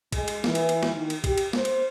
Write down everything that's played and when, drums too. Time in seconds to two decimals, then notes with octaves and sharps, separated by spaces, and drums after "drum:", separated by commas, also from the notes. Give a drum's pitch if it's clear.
0.12 G#3, drum: kick, cymbal
0.28 drum: cymbal
0.44 E3, drum: snare
0.55 drum: cymbal
0.69 drum: cymbal
0.83 drum: snare
0.93 D#3
1.10 drum: cymbal
1.24 G4, drum: kick, cymbal
1.38 drum: cymbal
1.53 C5, drum: snare
1.65 drum: cymbal